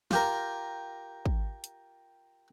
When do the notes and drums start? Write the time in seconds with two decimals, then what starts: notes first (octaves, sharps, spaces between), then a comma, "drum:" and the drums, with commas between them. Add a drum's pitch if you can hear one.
0.11 F4 G4 A#4, drum: snare
1.26 drum: kick
1.64 drum: hi-hat